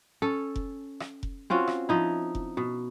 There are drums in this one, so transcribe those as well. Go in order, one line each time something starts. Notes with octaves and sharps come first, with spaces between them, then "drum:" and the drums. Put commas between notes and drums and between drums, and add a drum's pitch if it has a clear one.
C#4 A4
drum: kick F1
drum: rim click
drum: kick F1
C4 C#4 F4 F#4
drum: rim click
F3 D#4 E4
drum: kick F1
B2